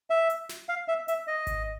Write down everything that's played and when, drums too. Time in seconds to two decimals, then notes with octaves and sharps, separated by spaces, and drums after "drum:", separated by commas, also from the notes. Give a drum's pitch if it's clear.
0.10 E5
0.30 drum: hi-hat
0.49 drum: snare
0.69 F5
0.88 E5
1.08 E5, drum: hi-hat
1.27 D#5
1.47 drum: kick G#1, hi-hat